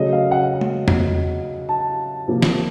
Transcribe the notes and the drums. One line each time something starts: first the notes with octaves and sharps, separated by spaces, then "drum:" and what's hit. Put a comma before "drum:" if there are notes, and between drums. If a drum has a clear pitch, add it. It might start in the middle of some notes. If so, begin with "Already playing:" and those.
Already playing: C#3 F#3 A3 C#4 D#5
F5
F#5
drum: tom G#3
drum: tom E2
A5
C3 F3 A#3
drum: snare